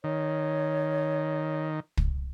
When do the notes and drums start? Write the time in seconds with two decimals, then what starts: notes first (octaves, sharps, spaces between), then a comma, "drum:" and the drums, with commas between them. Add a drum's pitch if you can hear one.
0.04 D#3 C#5
1.97 drum: kick